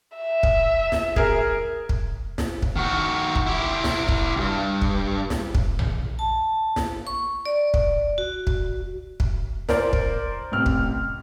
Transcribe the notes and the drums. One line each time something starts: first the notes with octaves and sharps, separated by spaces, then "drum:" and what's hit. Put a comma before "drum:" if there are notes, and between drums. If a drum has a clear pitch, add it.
E5
drum: kick
drum: snare
G#4 A#4, drum: kick
drum: kick
drum: snare
drum: kick
D#3 F#4
drum: kick
E4 G4
drum: snare
drum: kick
C#2 G2
drum: kick
drum: snare
drum: kick
drum: tom A#1
A5
drum: snare
C#6
D5
drum: kick
F#4
drum: kick
drum: kick
A#4 C5 D5, drum: snare
drum: kick
A1 C3 F6
drum: kick